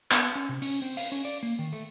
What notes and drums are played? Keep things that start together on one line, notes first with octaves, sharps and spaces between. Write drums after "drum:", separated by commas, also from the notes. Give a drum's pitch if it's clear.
B3, drum: clap
C#4
C3
C#4, drum: open hi-hat
C4
F5, drum: open hi-hat
C#4
D5
A#3
D#3
A3